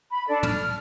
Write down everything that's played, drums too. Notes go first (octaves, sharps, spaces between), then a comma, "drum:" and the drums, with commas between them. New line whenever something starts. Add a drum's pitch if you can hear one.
B5
D4 A4 D5
F6, drum: tom